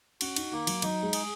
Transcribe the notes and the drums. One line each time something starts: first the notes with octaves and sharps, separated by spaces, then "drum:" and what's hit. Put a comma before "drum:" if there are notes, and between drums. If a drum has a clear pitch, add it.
C#4 F#4, drum: cymbal
D#4, drum: cymbal
D#3 A#3
F#3, drum: cymbal
F#3 D#4, drum: cymbal
G#3
G#4, drum: cymbal